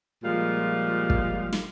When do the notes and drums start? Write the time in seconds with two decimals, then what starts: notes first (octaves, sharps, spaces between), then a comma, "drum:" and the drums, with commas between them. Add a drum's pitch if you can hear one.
0.24 A#2 F3 G3 G#3 F5
1.10 drum: kick
1.53 drum: snare